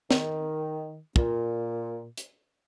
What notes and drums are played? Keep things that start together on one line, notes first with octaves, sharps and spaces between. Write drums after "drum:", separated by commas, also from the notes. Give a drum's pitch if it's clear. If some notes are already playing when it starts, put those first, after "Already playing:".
D#3, drum: snare
A#2, drum: kick
drum: hi-hat